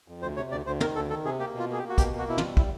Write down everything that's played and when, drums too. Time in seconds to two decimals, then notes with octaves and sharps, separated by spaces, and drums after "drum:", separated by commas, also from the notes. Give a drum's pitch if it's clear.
0.08 F2
0.22 D2 C5
0.37 C3 C#5
0.51 D2 D5
0.66 D2 C5
0.80 D#3 A#4, drum: tom
0.95 D2 A4
1.10 D#3 A4
1.25 C3 G#4
1.39 A#3 G4
1.54 B2 F4
1.69 A#3 G#4
1.78 G4
1.83 A#3
1.89 F#4
1.98 B2 G4, drum: kick, hi-hat
2.13 A#3
2.19 F#4
2.28 B2 E4
2.38 F4, drum: tom
2.43 G3
2.57 E4, drum: kick